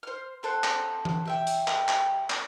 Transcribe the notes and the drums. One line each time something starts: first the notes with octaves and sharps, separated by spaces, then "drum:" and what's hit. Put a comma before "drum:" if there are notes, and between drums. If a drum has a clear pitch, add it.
C5 F6
C4 A4 C5 F#5
drum: clap
drum: tom E3
G4 E5 G5
drum: hi-hat
drum: clap
drum: clap
drum: clap